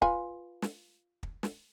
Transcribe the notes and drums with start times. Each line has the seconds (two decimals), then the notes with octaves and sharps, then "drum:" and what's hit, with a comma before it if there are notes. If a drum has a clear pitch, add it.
0.02 F4 B4 G#5, drum: kick
0.62 drum: snare
1.23 drum: kick
1.43 drum: snare